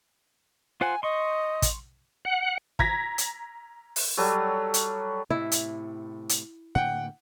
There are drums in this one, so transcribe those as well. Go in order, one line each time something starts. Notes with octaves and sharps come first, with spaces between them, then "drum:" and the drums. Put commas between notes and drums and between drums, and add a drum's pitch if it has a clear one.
F4 C5 F#5 G#5
D#5 C6 C#6
drum: kick, hi-hat
F#5
A#5 G#6 A#6 B6, drum: kick
drum: hi-hat
drum: open hi-hat
F#3 G3 A4
drum: hi-hat
A2 C3 E4
drum: hi-hat
drum: hi-hat
A2 D3 A#3 F#5 G5